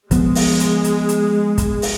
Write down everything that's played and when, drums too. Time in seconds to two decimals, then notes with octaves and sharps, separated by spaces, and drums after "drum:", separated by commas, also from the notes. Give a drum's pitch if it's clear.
0.11 F3 G#3 B3, drum: kick, hi-hat
0.35 drum: open hi-hat
0.60 drum: hi-hat
0.84 drum: hi-hat
1.09 drum: hi-hat
1.58 drum: kick, hi-hat
1.82 drum: open hi-hat